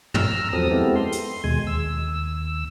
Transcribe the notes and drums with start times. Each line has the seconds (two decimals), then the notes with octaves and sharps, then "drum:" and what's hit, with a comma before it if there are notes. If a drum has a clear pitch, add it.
0.14 A#5 E6 F6, drum: tom
0.53 E2 F3 F#3 C4 A4 D#6
0.71 G#3 B3 C4 E4 G4 A4
0.96 C6
1.12 drum: hi-hat
1.44 D#2 B2 G#3 G#5
1.67 D#2 E6